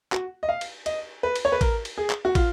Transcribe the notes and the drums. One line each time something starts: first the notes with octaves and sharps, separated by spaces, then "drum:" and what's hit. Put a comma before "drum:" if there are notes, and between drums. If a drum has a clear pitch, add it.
F#4, drum: clap
D#5
F5
drum: cymbal
D#5, drum: cymbal
B4
drum: cymbal
C#5
B4
A#4, drum: kick, cymbal
drum: cymbal
G#4
drum: clap
F#4
F4, drum: kick, cymbal